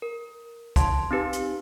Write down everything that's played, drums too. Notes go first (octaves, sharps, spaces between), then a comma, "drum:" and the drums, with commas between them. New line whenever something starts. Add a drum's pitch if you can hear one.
A#4
A5 C6 G#6, drum: kick, hi-hat
C4 D#4 G4 B4
drum: hi-hat